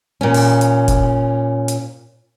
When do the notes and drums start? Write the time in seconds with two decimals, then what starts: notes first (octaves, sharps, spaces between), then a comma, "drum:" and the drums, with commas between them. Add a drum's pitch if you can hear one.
0.21 A#2 C#4
0.34 drum: open hi-hat
0.61 drum: hi-hat
0.88 drum: kick, hi-hat
1.68 drum: hi-hat